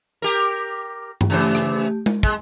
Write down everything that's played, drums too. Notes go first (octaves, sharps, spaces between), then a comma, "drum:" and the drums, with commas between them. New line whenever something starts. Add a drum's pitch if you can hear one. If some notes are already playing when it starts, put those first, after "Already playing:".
G4 A#4
drum: tom G2
C#3 E3 A3 G4 C5
drum: rim click
drum: tom G#3
G#3, drum: kick